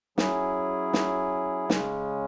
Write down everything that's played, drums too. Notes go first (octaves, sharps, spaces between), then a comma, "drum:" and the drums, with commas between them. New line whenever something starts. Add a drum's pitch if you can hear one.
F#3 C#4 E4 G#4, drum: snare
drum: snare
C#3 G#3 C#4, drum: snare